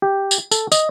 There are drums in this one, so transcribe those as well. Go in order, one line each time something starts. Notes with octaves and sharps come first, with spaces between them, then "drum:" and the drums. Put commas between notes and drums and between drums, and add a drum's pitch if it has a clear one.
G4
drum: tambourine
A4, drum: tambourine
D#5, drum: tambourine